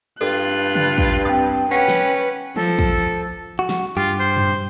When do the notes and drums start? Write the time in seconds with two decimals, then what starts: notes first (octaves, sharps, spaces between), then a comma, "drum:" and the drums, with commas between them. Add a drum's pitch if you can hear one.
0.21 G2 F4 A4 F#6
0.75 drum: tom C#3
0.98 drum: kick
1.25 C4 G5 D#6
1.71 C#4 B4 F#5 G5
1.88 drum: snare
2.56 F3 A4, drum: tom E3
2.79 drum: kick
3.59 F#4
3.69 drum: snare
3.97 G2 F4 G4
4.20 C5
4.37 drum: tom F#2